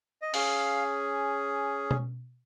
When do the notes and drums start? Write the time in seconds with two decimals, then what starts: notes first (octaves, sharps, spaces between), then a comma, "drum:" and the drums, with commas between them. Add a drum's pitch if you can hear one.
0.22 D#5
0.34 C#4 G#4 F5, drum: open hi-hat
1.91 drum: tom B2